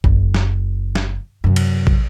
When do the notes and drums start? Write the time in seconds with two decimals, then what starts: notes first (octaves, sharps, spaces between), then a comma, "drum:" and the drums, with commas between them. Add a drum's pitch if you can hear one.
0.04 F#1, drum: kick
0.34 drum: snare
0.95 drum: snare
1.44 F#2 C3
1.56 drum: cymbal
1.87 drum: kick